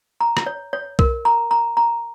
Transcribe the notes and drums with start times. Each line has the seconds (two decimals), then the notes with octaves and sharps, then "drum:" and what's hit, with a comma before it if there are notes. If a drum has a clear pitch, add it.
0.21 A#5
0.37 drum: rim click
0.46 C#5
0.73 C#5
0.99 A#4, drum: kick B1
1.25 A#5
1.51 A#5
1.77 A#5